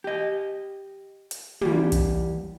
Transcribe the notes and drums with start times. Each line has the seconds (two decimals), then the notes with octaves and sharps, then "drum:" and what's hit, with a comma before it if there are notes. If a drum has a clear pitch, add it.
0.04 G4 D#5
1.31 drum: hi-hat
1.61 E3 G3 A#3, drum: tom
1.92 drum: kick, hi-hat